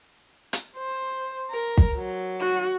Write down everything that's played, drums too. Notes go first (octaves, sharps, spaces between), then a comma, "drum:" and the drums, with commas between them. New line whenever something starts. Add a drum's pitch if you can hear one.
drum: hi-hat
C5
A#4
drum: kick
F#3
F#4